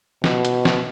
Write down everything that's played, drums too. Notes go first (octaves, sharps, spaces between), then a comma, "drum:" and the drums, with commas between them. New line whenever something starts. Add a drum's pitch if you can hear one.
B2, drum: snare
drum: hi-hat
drum: snare